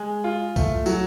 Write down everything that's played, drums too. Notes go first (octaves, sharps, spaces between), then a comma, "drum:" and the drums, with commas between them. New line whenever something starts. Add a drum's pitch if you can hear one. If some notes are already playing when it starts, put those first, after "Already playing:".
Already playing: G#3
F4
A3, drum: kick C#2, tambourine
F#3, drum: tambourine